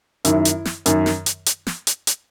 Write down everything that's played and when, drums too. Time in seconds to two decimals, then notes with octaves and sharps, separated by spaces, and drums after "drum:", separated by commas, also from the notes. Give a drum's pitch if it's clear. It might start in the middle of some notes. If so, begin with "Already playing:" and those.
0.25 F#2 D#3 E4, drum: hi-hat
0.45 drum: hi-hat
0.65 drum: snare
0.86 F#2 D#3, drum: hi-hat
1.06 drum: snare
1.26 drum: hi-hat
1.46 drum: hi-hat
1.67 drum: snare
1.87 drum: hi-hat
2.07 drum: hi-hat